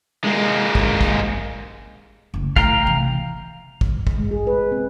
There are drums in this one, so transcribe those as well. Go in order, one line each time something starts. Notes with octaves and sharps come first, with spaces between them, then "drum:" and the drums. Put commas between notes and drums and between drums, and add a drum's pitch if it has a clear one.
G#3 A#3
drum: kick
drum: kick
F#1 D2
A2 F5 G5 A#5, drum: kick
C3 E3
drum: kick
drum: kick
G#3
G#4
B4
C4